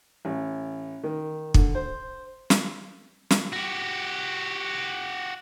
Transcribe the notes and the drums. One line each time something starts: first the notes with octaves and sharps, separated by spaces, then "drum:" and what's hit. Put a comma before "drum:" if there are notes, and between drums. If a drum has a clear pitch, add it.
A1
D#3
D3, drum: kick
C5
drum: snare
drum: snare
F#4 G4